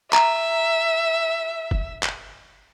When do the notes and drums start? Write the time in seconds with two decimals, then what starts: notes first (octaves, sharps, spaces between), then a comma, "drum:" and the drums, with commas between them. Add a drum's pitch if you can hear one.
0.13 E5 A#5, drum: clap
1.71 drum: kick F#1
2.03 drum: clap